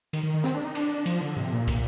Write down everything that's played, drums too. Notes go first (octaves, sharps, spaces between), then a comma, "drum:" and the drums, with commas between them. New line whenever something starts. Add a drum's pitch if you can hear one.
D#3, drum: cymbal
D#3
D#3
C4, drum: snare
D4
D#4
D4, drum: cymbal
F3, drum: cymbal
D3
C3, drum: tom G#2
A#2
drum: kick, cymbal